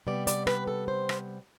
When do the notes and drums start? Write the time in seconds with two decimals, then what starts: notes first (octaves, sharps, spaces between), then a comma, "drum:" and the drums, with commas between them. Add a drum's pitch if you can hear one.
0.07 C3 G3 B3 D5
0.27 D5, drum: hi-hat
0.47 B4, drum: rim click
0.67 A4
0.88 C5
1.09 drum: rim click